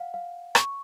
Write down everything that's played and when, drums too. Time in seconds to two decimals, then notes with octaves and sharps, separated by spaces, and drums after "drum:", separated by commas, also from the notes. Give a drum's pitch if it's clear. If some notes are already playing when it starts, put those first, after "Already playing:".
Already playing: F5 F#5
0.14 F5
0.55 C#6, drum: rim click